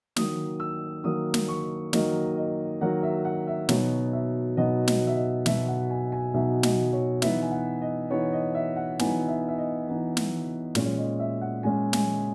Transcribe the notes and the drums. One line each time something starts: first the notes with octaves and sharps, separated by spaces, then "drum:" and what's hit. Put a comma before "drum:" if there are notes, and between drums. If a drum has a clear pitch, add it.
D#3 F#3 A#3 D#6, drum: snare
E6
D#3 F#3 A#3 D#6
drum: snare
C#6
D#3 F#3 A#3 D#5, drum: snare
D#5
D#3 F#3 A#3 F#5
E5
F#5
E5
B2 F#3 B3 D#4 C#5, drum: snare
E5
B2 F#3 B3 D#4 D#5
D#5, drum: snare
E5
D#5
B2 F#3 B3 D#4 E5, drum: snare
F#5
G#5
G#5
B2 F#3 B3 D#4 E5
D#5, drum: snare
C#5
E3 B3 D#4 E5, drum: snare
G#5
F#5
D#5
E3 B3 D#4 C#5
D#5
E5
F#5
E3 B3 D#4 G#5, drum: snare
E5
E5
D#5
E3 B3 D#4
drum: snare
A#2 G#3 C#4, drum: snare
C#5
D#5
E5
F#5
A#2 G#3 C#4 G#5
G#5, drum: snare